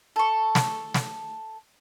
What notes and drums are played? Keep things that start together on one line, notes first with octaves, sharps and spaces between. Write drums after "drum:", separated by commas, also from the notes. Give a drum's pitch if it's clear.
A4 C#6
drum: snare
drum: snare